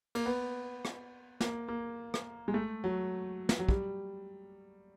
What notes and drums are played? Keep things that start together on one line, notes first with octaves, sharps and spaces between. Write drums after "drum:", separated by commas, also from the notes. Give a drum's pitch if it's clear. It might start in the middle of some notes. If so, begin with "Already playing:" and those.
A#3, drum: cymbal
B3
drum: rim click
A#3, drum: snare
A#3
drum: rim click
G#3
A3
F#3
drum: snare
F#3
G3, drum: kick